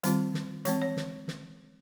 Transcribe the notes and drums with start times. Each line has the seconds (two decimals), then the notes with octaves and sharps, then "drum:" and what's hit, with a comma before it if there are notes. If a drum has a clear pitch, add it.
0.03 D#3 G3 C4 F4 C5, drum: hi-hat
0.34 drum: snare
0.65 E3 G#3 C4 C#5, drum: hi-hat
0.82 C#5
0.97 drum: snare
1.28 drum: snare